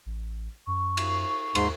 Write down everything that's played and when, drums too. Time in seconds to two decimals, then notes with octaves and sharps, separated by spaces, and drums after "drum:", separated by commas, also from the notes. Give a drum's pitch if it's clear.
0.06 A1
0.67 F#2 C#6
0.97 drum: cymbal
1.55 D#2 G#2 C6, drum: cymbal